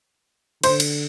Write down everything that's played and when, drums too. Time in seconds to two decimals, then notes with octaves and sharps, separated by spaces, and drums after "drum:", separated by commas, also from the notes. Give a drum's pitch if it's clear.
0.63 D3 C5, drum: cymbal
0.80 drum: cymbal